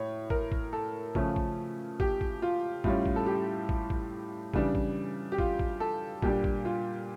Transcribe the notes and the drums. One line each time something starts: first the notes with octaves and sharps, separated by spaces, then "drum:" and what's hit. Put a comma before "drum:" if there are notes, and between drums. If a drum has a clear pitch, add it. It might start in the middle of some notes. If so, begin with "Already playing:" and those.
Already playing: A2 C#5
A#4, drum: kick
drum: kick
A4
C#3 F3 A3 C#4, drum: kick
drum: kick
G4, drum: kick
drum: kick
F4
A2 G3 C#4 F4, drum: kick
drum: kick
A4
G4
drum: kick
drum: kick
C#3 E3 G3 D4, drum: kick
drum: kick
G4
F4, drum: kick
drum: kick
A4
A#2 G3 D4 G4, drum: kick
drum: kick
F4